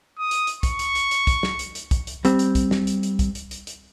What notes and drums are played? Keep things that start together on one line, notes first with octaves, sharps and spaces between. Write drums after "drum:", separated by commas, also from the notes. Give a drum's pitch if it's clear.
D#6
drum: hi-hat
drum: hi-hat
C#6, drum: kick, hi-hat
drum: hi-hat
drum: hi-hat
drum: hi-hat
drum: kick, hi-hat
drum: snare
drum: hi-hat
drum: hi-hat
drum: kick, hi-hat
drum: hi-hat
G3 C4, drum: hi-hat
drum: hi-hat
drum: kick, hi-hat
drum: snare
drum: hi-hat
drum: hi-hat
drum: kick, hi-hat
drum: hi-hat
drum: hi-hat
drum: hi-hat